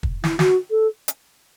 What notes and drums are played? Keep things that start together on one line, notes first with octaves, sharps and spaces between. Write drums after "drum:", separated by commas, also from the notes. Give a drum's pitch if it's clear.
drum: kick
E4, drum: snare
F#4, drum: snare
A4
drum: hi-hat